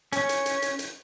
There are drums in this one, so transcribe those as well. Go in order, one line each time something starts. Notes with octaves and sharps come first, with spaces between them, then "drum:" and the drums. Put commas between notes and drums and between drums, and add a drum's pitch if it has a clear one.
C#4, drum: hi-hat
drum: hi-hat
drum: hi-hat
drum: hi-hat
drum: hi-hat